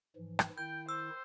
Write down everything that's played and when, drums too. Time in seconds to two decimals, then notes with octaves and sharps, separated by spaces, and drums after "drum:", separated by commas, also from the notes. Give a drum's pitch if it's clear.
0.16 G#2 E3 F3
0.39 drum: rim click
0.58 D#3 E4 G5 G6
0.89 C5 E6